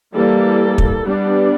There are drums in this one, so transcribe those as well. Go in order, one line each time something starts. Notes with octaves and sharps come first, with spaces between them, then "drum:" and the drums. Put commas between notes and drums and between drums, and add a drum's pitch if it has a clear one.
E3 G3 A#3 A4
drum: kick
G3 B3 D4